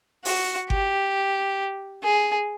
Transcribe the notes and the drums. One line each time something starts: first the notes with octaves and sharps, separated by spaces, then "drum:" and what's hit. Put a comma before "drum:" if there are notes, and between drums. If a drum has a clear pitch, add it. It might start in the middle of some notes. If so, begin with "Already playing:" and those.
F#4, drum: open hi-hat
G4, drum: kick G1
G#4